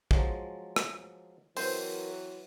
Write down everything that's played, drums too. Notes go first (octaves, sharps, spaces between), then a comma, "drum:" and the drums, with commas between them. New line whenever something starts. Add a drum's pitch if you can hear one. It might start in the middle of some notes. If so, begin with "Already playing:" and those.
F3 F#3 G#3, drum: kick A#1
drum: rim click
E3 F#3 C4 A#4 C5, drum: open hi-hat